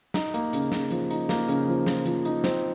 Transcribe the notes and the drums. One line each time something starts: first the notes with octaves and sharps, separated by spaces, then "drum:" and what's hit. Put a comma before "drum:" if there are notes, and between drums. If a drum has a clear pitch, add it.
D#4, drum: snare
A#3, drum: hi-hat
C#3, drum: hi-hat
C#3, drum: snare
F3, drum: hi-hat
D#4, drum: hi-hat
A#3, drum: snare
C#3, drum: hi-hat
F3
F3, drum: snare
F3, drum: hi-hat
D#4, drum: hi-hat
C4, drum: snare